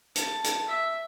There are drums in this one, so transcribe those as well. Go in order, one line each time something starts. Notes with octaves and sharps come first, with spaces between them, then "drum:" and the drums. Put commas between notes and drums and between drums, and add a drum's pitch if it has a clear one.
A5, drum: hi-hat
drum: hi-hat
E5